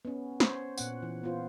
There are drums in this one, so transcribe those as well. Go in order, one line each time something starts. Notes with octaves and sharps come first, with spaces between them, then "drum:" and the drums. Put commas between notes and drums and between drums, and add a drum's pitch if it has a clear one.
B3 C#4
C#4 C5 C#5, drum: snare
A#2 B3 F#5, drum: tambourine
E3
B3 F4 C5